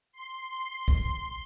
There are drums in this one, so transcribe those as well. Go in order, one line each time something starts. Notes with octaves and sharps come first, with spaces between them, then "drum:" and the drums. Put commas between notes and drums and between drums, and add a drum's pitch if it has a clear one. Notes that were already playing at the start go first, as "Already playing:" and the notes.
C6
drum: kick